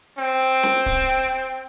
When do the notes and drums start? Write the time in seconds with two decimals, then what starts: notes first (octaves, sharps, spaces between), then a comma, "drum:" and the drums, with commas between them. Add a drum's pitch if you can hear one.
0.18 C4, drum: hi-hat
0.40 drum: hi-hat
0.63 drum: snare C#4
0.86 drum: kick C#1, hi-hat
1.09 drum: hi-hat
1.32 drum: hi-hat